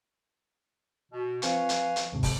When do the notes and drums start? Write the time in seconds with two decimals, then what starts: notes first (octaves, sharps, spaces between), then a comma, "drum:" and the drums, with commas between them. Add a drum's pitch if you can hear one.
1.11 B2
1.42 F3 C4 B4 F5 G#5 C#6, drum: hi-hat
1.69 drum: hi-hat
1.96 drum: hi-hat
2.13 D#2 G#2 C3
2.23 drum: kick, open hi-hat